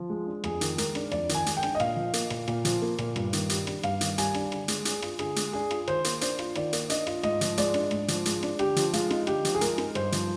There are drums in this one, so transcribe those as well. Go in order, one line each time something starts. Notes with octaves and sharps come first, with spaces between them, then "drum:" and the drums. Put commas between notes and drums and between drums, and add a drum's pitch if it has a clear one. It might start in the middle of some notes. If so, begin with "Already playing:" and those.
Already playing: F3
G#3
D4
F2 G#4, drum: rim click
D#3, drum: hi-hat
G#3 A#4, drum: hi-hat
D4, drum: rim click
F2 D5, drum: rim click
D#3, drum: hi-hat
G#5
G#3, drum: hi-hat
G5
D4, drum: rim click
D#5
A#2 F5, drum: rim click
F3
A#3, drum: hi-hat
A#2, drum: rim click
A#2, drum: rim click
F3, drum: hi-hat
A#3
A#2, drum: rim click
G2, drum: rim click
D#3, drum: hi-hat
G3, drum: hi-hat
D4, drum: rim click
G2 F5, drum: rim click
D#3, drum: hi-hat
G3 G#5, drum: hi-hat
D4, drum: rim click
D3, drum: rim click
G#3, drum: hi-hat
D4 G#4, drum: hi-hat
F4, drum: rim click
D3 G#4, drum: rim click
G#3, drum: hi-hat
D4 G#4
F4, drum: rim click
D#3 C5, drum: rim click
A#3, drum: hi-hat
D4 C5, drum: hi-hat
F4, drum: rim click
D#3 D5, drum: rim click
A#3, drum: hi-hat
D4 D#5, drum: hi-hat
F4, drum: rim click
G#2 D#5, drum: rim click
F3, drum: hi-hat
G#3 D5, drum: hi-hat
D4, drum: rim click
G#2, drum: rim click
F3, drum: hi-hat
G#3, drum: hi-hat
D4, drum: rim click
D3 G4, drum: rim click
F3, drum: hi-hat
G#3 F4, drum: hi-hat
D#4, drum: rim click
D3 G4, drum: rim click
F3, drum: hi-hat
G#4
G#3 A#4, drum: hi-hat
D#4, drum: rim click
G2 C5, drum: rim click
F3, drum: hi-hat